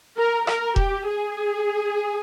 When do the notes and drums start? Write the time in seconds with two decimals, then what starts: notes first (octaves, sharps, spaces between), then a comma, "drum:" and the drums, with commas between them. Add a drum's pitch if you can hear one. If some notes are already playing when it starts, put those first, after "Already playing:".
0.17 A#4
0.47 A#4, drum: rim click
0.76 G4, drum: kick E1
1.06 G#4